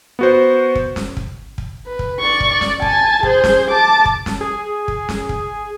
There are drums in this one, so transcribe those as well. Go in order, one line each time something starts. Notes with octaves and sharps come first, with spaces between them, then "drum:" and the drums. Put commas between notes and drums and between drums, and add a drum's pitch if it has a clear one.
B3 F#4 C5
drum: kick
drum: snare
drum: kick
drum: kick
B4
drum: kick
D5 C#6
drum: kick
D5
drum: snare
G#5 A5, drum: kick
G#4 C5, drum: kick
drum: snare
A5 D6
drum: kick
drum: snare
G#4
drum: kick
drum: snare
drum: kick